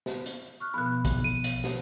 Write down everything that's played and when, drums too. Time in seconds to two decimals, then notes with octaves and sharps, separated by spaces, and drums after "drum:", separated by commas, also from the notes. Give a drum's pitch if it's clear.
0.06 drum: snare
0.26 drum: hi-hat
0.60 C#6 F6 F#6
0.74 B2 F3 B3 B5 F#6
1.05 drum: kick, hi-hat
1.24 D#7
1.44 drum: hi-hat
1.64 drum: snare